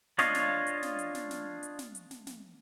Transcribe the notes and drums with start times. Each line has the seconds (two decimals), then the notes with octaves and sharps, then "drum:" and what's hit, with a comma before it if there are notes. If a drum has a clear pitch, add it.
0.18 D4 F4 C#5 D#5 F5, drum: snare
0.35 drum: snare
0.67 drum: hi-hat
0.83 drum: snare
0.99 drum: hi-hat
1.15 drum: snare
1.31 drum: snare
1.63 drum: hi-hat
1.79 drum: snare
1.95 drum: hi-hat
2.11 drum: snare
2.27 drum: snare